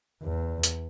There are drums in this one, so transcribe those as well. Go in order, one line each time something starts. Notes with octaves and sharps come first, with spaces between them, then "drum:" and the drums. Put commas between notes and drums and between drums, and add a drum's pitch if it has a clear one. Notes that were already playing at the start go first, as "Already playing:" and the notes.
E2
drum: hi-hat